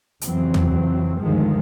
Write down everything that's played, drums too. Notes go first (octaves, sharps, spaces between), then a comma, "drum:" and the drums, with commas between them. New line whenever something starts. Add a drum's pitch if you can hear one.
F2 C#3 E3 F#3 C4, drum: hi-hat
drum: tom
D2 G2 D#3 F3 G#3